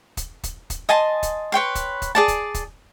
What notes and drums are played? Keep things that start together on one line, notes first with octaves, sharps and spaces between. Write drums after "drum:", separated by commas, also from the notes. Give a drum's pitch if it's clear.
drum: kick, hi-hat
drum: kick, hi-hat
drum: kick, hi-hat
D#5 G#5 A5 C6
drum: kick, hi-hat
B4 C#5 G5 C6
drum: kick, hi-hat
drum: kick, hi-hat
G#4 D5 A5
drum: kick, hi-hat
drum: kick, hi-hat